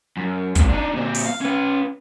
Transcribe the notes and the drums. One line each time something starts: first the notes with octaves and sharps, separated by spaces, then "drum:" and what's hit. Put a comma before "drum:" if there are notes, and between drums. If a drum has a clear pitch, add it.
F#2
G#2 C3, drum: kick, hi-hat
D4 D#4
A#2 C4
drum: open hi-hat
F5
C#4 B4